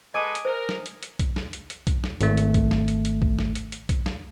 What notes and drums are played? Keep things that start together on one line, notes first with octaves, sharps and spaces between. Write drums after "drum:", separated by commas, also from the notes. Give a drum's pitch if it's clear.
G#3 A4 B4 D#5 G#5 D6 D#6
drum: hi-hat
A#4 C5
drum: snare
drum: hi-hat
drum: hi-hat
drum: kick B1, hi-hat
drum: snare
drum: hi-hat
drum: hi-hat
drum: kick B1, hi-hat
drum: snare
G#1 A3, drum: hi-hat
drum: hi-hat
drum: kick B1, hi-hat
drum: snare
drum: hi-hat
drum: hi-hat
drum: kick B1
drum: snare
drum: hi-hat
drum: hi-hat
drum: kick B1, hi-hat
drum: snare